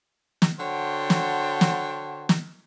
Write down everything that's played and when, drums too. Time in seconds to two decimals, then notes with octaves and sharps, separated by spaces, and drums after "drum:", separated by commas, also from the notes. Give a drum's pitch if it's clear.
0.42 drum: snare
0.59 D3 F#4 C5 C#5 G5 A5
1.10 drum: snare
1.61 drum: snare
2.29 drum: snare